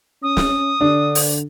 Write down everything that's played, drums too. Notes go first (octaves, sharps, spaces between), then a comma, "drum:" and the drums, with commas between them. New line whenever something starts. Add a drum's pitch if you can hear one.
C#4 D#6
drum: snare
D3 D4
drum: open hi-hat